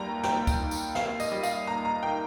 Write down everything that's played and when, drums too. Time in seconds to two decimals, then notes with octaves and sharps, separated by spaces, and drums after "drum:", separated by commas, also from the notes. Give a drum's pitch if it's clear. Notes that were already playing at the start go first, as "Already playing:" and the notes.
Already playing: D#2 G3 G5 A#5
0.23 D#2 G5, drum: snare
0.47 drum: kick C#2, tambourine
0.59 D#3
0.71 drum: tambourine
0.95 D#2 F5, drum: snare
1.20 D#5, drum: tambourine
1.32 G3
1.43 F5, drum: tambourine
1.67 D#2 A#5
1.85 A#5
2.03 D#3 G5